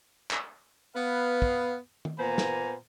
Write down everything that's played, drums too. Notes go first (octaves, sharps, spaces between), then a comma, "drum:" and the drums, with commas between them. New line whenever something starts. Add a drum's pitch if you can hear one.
drum: clap
B3 B4 F5
drum: kick
drum: tom
A#2 A#3 B3 C5 G#5 A#5
drum: snare